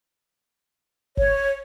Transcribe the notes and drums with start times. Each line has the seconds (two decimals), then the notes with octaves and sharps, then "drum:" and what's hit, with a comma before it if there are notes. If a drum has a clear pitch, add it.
1.17 C#5, drum: kick G1